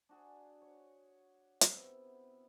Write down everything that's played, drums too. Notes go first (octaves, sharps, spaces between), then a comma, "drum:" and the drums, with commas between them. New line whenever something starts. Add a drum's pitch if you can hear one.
D4 F#4 G#4
C#5
C3 B3 E4, drum: hi-hat